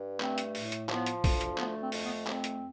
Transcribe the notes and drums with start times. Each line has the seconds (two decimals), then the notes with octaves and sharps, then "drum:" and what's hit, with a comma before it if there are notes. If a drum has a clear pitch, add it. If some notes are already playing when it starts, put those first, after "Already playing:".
Already playing: G2
0.20 A3 C4, drum: clap
0.38 drum: hi-hat
0.55 A2, drum: open hi-hat
0.72 drum: hi-hat
0.89 F3 B3, drum: clap
1.06 drum: hi-hat
1.24 D2, drum: kick B1, open hi-hat
1.41 drum: hi-hat
1.58 A3 B3, drum: clap
1.81 C4
1.92 F2, drum: open hi-hat
2.04 B3
2.27 A3 C4, drum: clap
2.44 drum: hi-hat